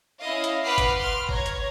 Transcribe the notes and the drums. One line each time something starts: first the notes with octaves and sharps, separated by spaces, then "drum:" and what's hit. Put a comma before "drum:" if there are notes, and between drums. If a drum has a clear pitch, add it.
C#4 E4 D#5 F5
drum: hi-hat
B4 F#5 B5 D6 F6 C7
drum: kick G1, hi-hat
C6 F6
C#5 A#5 G#6, drum: kick G1
drum: hi-hat